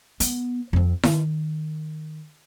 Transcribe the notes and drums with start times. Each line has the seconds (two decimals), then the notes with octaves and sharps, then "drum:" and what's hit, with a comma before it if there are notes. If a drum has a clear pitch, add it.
0.20 B3, drum: hi-hat
0.73 F2 C4
1.03 D#3, drum: snare E4